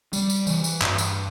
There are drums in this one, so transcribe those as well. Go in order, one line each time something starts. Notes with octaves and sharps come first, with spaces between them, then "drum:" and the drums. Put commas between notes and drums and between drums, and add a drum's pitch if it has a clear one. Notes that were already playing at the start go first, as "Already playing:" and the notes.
G3, drum: tambourine
drum: tambourine
E3, drum: tambourine
drum: tambourine
G2, drum: clap
drum: tambourine